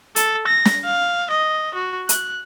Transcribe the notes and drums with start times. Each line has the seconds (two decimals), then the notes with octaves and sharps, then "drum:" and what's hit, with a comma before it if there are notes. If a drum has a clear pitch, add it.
0.16 A4, drum: hi-hat
0.47 A#6
0.65 drum: snare
0.85 F5
1.31 D#5
1.75 F#4
2.09 F#6, drum: hi-hat